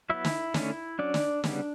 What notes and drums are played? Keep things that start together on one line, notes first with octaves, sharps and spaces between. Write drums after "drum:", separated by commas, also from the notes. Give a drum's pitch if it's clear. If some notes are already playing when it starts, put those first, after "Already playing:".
F#3 B3 E4 E5
drum: snare
D3 A3 C#4, drum: snare
F#3 C#4 D4 D5
drum: snare
C#3 G3 B3, drum: snare